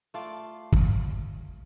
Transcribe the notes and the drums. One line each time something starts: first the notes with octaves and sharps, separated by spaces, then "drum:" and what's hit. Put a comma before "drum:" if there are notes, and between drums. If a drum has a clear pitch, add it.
A3 F4 D5
drum: kick